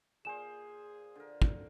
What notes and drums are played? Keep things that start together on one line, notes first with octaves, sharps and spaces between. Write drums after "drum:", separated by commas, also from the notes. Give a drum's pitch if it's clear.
A#2 G#4 C5 G#5 E7
D3 A#4
drum: kick